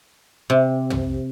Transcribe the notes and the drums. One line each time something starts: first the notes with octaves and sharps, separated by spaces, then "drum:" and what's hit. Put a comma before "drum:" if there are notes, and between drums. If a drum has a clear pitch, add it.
C3
drum: tom